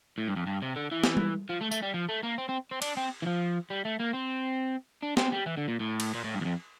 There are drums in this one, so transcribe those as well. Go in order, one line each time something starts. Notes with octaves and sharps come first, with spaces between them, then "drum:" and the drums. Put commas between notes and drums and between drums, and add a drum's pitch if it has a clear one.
A2
G2
F2
G2
C3
D3
E3
drum: snare B3
drum: tom G3
F3
A3
A3, drum: tambourine
G3
F3
A3
A#3
C4
C4
C4
D4, drum: cymbal
C4
E3
F3
G3
A3
A#3
C4
D4
C4, drum: snare B3
G3
E3
D3
A#2
A2
drum: cymbal
A#2
A2
G2
E2
F2